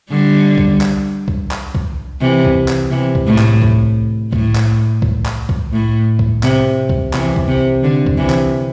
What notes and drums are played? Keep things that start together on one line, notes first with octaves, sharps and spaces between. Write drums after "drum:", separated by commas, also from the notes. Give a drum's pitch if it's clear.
D3 G3
drum: kick C2
drum: clap
drum: kick C2
drum: clap
drum: kick C2
C3 E3
drum: kick C2
drum: clap
C3 E3
drum: kick C2
A2
drum: clap
drum: kick C2
A2, drum: kick C2
drum: clap
drum: kick C2
drum: clap
drum: kick C2
A2
drum: kick C2
C3, drum: clap
drum: kick C2
C3 E3, drum: clap
drum: kick C2
C3
D3
drum: kick C2
C3 E3
drum: clap